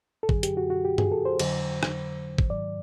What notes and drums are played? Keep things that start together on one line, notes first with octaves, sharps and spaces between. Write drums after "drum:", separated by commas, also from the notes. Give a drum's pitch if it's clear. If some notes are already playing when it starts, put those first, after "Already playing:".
A4
F#2 D3 F#3 G#4, drum: kick
G4, drum: hi-hat
F#4
F#4
G4
G#4, drum: tom G2
A4
C5
F2 D3 F#3, drum: cymbal
drum: rim click
drum: kick
G#2 D#3 F#3 D5